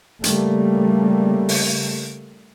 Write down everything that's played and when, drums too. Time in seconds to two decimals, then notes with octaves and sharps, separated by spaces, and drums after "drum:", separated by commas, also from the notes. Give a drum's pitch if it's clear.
0.24 C#3 G3 A3 A#3, drum: hi-hat
1.49 drum: open hi-hat